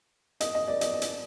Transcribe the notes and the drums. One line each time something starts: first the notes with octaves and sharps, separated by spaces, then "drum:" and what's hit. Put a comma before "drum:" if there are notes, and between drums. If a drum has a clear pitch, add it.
D#5, drum: hi-hat
D#5
D5
D#5, drum: hi-hat
drum: hi-hat